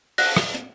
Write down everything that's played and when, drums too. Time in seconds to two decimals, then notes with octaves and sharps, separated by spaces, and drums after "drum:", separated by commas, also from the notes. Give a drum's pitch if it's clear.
0.18 F#5 F#6 A#6, drum: open hi-hat
0.37 drum: rim click
0.55 drum: hi-hat